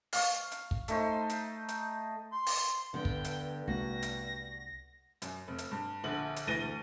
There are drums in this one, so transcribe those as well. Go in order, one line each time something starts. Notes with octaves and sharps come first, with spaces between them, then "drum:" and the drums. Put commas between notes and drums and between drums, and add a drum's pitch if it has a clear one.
F5 C#6, drum: open hi-hat
drum: hi-hat
drum: kick
A3 D#4 C5, drum: hi-hat
drum: hi-hat
drum: hi-hat
C6
drum: open hi-hat
G2 D3 B3 G5
drum: kick
drum: hi-hat
C2 G#3 A#3 F#4 A#6
drum: hi-hat
F#2, drum: hi-hat
F1
drum: hi-hat
G2
A#1 D3 F#7
drum: hi-hat
D2 E3 A6 A#6 D#7 G7
D2